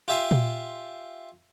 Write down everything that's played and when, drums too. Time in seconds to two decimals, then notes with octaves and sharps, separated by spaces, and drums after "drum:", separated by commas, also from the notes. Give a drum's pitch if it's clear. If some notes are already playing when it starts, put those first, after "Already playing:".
0.08 F4 G4 E5 G#5 C6
0.31 drum: tom A#2